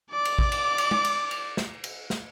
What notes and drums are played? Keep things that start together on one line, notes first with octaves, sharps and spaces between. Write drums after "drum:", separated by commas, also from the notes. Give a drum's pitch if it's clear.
D5 D6
drum: cymbal
drum: kick
drum: cymbal
drum: cymbal
drum: tom
drum: cymbal
drum: cymbal
drum: snare
drum: cymbal
drum: snare